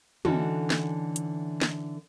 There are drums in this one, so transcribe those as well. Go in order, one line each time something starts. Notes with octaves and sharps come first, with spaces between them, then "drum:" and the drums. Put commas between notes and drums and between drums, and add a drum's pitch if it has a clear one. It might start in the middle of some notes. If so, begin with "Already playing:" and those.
D3 E3 C#4 D#4 F#4 A4, drum: tom
drum: snare
drum: hi-hat
drum: snare